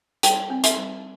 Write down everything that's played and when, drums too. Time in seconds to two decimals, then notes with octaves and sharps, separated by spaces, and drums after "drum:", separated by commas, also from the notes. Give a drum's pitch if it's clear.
0.23 G3 G5, drum: hi-hat
0.50 C4
0.64 E5, drum: hi-hat
0.78 G3